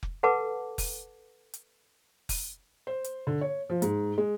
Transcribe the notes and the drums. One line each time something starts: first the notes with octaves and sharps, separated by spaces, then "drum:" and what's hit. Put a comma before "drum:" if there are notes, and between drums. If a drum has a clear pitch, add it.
drum: kick F1
A4 B4 F#5 A5 D6
drum: kick F1, open hi-hat
drum: hi-hat
drum: kick F1, open hi-hat
C5
drum: hi-hat
D3
C#5
F3
G#2, drum: hi-hat
G#3